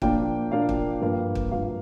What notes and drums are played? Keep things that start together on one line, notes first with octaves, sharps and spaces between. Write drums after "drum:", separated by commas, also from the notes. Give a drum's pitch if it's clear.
A#2 F3 A#3 D4 G5, drum: kick
A#2 F3 A#3 D4 F5
drum: kick
G2 F3 A#3
drum: kick
G2 F3 A#3 F5